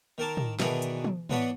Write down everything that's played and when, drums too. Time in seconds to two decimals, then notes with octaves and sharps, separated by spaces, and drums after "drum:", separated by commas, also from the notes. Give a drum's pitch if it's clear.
0.18 D#3 A#4 A5 D6
0.37 drum: tom
0.60 B2 D#3 E3 D4 G#4 B4, drum: snare
0.82 drum: hi-hat
1.04 drum: tom
1.30 E3 B3 D4 B4 C#5 F#5, drum: tom